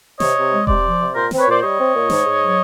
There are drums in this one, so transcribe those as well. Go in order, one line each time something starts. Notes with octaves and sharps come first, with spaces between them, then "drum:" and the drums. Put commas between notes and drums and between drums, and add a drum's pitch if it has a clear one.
C3 C#5 D#5, drum: snare
C3
G#3
C3 C5 D5, drum: kick E1
F3
C3
A#2 A#4 C5
C4, drum: snare
B4 C#5
A#2 C5 D5
G3 C#5 D#5
C4
A#2
G#2, drum: snare
G#2
F#3